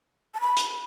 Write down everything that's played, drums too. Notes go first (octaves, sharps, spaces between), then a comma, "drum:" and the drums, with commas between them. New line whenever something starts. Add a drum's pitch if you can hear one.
A5
B5
drum: hi-hat